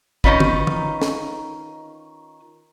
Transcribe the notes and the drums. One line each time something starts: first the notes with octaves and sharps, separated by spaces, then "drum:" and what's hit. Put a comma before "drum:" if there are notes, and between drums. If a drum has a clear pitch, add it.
D#3 C4 C#4 D#4 F4 B4, drum: kick
drum: tom
drum: tom D3
drum: snare